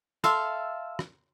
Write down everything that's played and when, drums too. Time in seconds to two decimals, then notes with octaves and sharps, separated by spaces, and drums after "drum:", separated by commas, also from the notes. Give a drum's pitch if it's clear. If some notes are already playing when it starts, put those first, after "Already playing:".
0.24 A4 E5 F5 C6, drum: rim click
0.99 drum: rim click